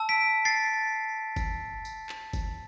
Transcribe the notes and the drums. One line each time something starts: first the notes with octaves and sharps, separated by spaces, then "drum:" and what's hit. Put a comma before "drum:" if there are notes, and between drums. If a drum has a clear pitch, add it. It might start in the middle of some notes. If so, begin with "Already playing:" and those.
Already playing: A5 E6
B6 D7
A6 C7
drum: kick, tambourine
drum: tambourine
drum: clap
drum: kick, tambourine